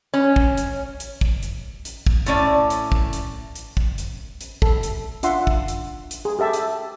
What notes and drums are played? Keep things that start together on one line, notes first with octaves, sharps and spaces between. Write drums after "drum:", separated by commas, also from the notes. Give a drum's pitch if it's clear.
C#4
drum: kick
drum: hi-hat
drum: hi-hat
drum: kick
drum: hi-hat
drum: hi-hat
drum: kick
A2 C#4 D5, drum: hi-hat
drum: hi-hat
drum: kick
drum: hi-hat
drum: hi-hat
drum: kick
drum: hi-hat
drum: hi-hat
A4, drum: kick
drum: hi-hat
D4 F4 E5 F#5 C6, drum: hi-hat
drum: kick
drum: hi-hat
drum: hi-hat
G#4
G4 A4 E5 A5
drum: hi-hat